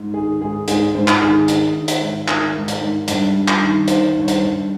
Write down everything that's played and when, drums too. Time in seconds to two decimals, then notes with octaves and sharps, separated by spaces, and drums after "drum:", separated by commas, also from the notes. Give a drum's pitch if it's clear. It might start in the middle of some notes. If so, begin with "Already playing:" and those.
Already playing: G#2
0.14 D#3 G#4
0.41 G#2 G#4
0.68 G#2 G#4, drum: hi-hat
0.95 G#2 C5
1.08 drum: clap
1.21 D#3 G#4
1.48 D#3, drum: hi-hat
1.74 D#3
1.88 drum: hi-hat
2.01 G#2
2.28 D#3 A#4, drum: clap
2.55 G#2
2.68 drum: hi-hat
2.81 G#2
3.08 G2, drum: hi-hat
3.34 G2
3.48 drum: clap
3.61 D#3
3.88 D#3 C5, drum: hi-hat
4.16 G2
4.22 C#5
4.28 C5, drum: hi-hat
4.41 G2